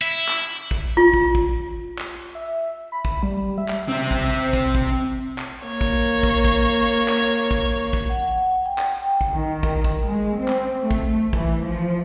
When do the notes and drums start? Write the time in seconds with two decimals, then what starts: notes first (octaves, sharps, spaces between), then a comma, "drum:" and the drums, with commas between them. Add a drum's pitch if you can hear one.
0.01 E4
0.29 drum: clap
0.71 drum: kick
0.97 F4
1.14 drum: kick
1.35 drum: kick
1.98 drum: clap
2.35 E5
2.92 B5
3.05 drum: kick
3.23 G3
3.58 E5
3.68 drum: clap
3.89 C4 E5
4.11 drum: kick
4.53 drum: kick
4.75 drum: kick
5.38 drum: clap
5.65 A#3 C#5
5.81 drum: kick
6.23 drum: kick
6.45 drum: kick
7.08 drum: clap
7.51 drum: kick
7.93 drum: kick
8.09 F#5
8.66 G5
8.78 drum: clap
9.21 drum: kick
9.32 D#3
9.63 drum: kick
9.84 drum: kick
10.06 G#3
10.39 C4
10.48 drum: clap
10.81 A3
10.91 drum: kick
11.33 E3, drum: kick
11.63 F3